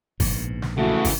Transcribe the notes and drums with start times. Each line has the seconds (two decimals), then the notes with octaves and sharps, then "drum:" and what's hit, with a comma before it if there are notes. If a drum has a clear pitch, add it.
0.20 A#1 G#2 B2, drum: kick, open hi-hat
0.62 drum: snare
0.77 C#3 E3 A3 F#4
1.05 drum: kick, open hi-hat